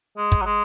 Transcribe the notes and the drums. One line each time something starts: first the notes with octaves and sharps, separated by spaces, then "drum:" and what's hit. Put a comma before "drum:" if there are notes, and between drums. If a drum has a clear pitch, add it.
G#3
drum: kick, hi-hat
F#3
G#3